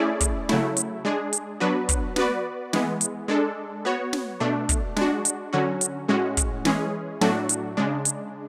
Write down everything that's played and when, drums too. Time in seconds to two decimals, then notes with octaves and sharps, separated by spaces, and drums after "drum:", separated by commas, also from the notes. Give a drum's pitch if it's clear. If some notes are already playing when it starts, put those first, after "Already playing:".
Already playing: A3 C#4 E4 G#4 D5
0.21 drum: kick, hi-hat
0.49 C#3 F#3 A3 E4, drum: snare
0.77 drum: hi-hat
1.05 G#3 D4 G#4
1.33 drum: hi-hat
1.60 F#3 B3 D4 F#4 B4
1.89 drum: kick, hi-hat
2.16 B3 F#4 B4 D5, drum: snare
2.73 E3 G#3 B3, drum: snare
3.01 drum: hi-hat
3.28 G#3 D4 A4
3.85 B3 F#4 C#5
4.13 drum: snare
4.40 B2 A3 D4
4.69 drum: kick, hi-hat
4.96 G#3 D4 F#4, drum: snare
5.25 drum: hi-hat
5.53 D3 F#3 C#4 F#4
5.81 drum: hi-hat
6.08 A2 G#3 C#4 F#4
6.37 drum: kick, hi-hat
6.65 E3 G#3 C#4 G#4, drum: snare
7.21 A2 F#3 A3 D4 F#4, drum: snare
7.49 drum: hi-hat
7.77 C#3 G#3 D4
8.05 drum: hi-hat